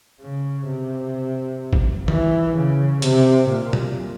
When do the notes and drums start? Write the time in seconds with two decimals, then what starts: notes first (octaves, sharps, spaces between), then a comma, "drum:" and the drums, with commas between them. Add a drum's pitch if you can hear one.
0.22 C#3
0.67 C3
1.73 drum: kick
2.08 E3, drum: tom D#3
2.56 C#3
3.02 C3, drum: hi-hat
3.48 A#2
3.73 drum: tom